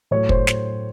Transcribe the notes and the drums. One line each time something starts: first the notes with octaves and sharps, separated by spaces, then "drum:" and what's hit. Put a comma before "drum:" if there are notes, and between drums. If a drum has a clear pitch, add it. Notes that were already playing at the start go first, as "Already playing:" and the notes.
A2 F#3 C#5
C5, drum: kick
drum: snare